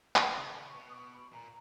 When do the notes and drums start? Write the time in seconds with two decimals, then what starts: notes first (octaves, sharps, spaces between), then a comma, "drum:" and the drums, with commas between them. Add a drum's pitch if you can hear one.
0.16 D#3, drum: clap
0.36 C#3
0.49 D#3
0.55 C#3
0.68 C#6
0.75 B2
0.89 D#6
0.93 C#6
1.13 B5
1.32 A#2 A#5